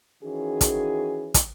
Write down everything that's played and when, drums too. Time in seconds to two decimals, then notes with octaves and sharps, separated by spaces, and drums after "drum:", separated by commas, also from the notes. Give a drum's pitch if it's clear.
0.24 D#3 E3 C#4 F#4 G#4
0.61 drum: kick, hi-hat
1.34 drum: kick, hi-hat